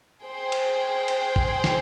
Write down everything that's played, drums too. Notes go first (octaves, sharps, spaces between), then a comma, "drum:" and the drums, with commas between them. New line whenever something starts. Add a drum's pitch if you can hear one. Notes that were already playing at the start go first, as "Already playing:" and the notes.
G#4 C5 G5
drum: cymbal
drum: cymbal
drum: kick A1
drum: snare